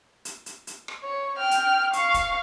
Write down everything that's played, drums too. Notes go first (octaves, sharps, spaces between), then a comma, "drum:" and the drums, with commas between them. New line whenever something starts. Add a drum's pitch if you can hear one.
drum: hi-hat
drum: hi-hat
drum: hi-hat
drum: rim click
C#5
G5 F6
drum: hi-hat
F5 C#6, drum: hi-hat
drum: kick, hi-hat